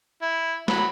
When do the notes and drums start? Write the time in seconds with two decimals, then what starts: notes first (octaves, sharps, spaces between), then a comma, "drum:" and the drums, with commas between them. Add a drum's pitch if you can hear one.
0.21 E4
0.68 F#3 B5, drum: snare